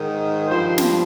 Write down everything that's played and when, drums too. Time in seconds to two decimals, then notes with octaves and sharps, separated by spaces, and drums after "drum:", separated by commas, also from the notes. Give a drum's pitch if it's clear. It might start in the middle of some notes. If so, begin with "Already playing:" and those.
Already playing: G#2 D#3
0.47 G2 F3 C5
0.78 drum: snare